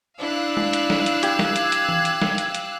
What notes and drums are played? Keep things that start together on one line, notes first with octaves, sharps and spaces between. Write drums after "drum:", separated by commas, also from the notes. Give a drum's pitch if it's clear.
D4 E4 F5 E6 F#6
drum: tom G#3
drum: hi-hat
drum: snare
drum: hi-hat
G4 G#6, drum: hi-hat
drum: snare
drum: hi-hat
drum: hi-hat
drum: tom E3
drum: hi-hat
drum: snare
drum: hi-hat
drum: hi-hat